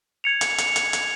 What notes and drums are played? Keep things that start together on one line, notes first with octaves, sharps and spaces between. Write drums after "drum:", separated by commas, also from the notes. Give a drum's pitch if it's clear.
G#6 C#7 F7
drum: hi-hat
drum: hi-hat
drum: hi-hat
drum: hi-hat